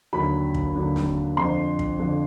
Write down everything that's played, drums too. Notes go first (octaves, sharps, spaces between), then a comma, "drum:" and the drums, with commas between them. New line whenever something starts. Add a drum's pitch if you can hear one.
D#2 D3 F#3 B5
drum: kick
D#2 D3 F#3
drum: snare
F2 D3 F3 C6
drum: kick
F2 D3 F3